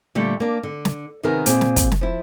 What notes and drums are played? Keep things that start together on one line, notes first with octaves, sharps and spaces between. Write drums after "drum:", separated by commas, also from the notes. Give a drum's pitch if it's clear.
A#2 D3 G3 A3
A#3 D4
D3
drum: snare
C3 D#3 B3 G#4 A#4
A#2 C4 G#4, drum: hi-hat
drum: snare
drum: kick, hi-hat
drum: snare
F3 E4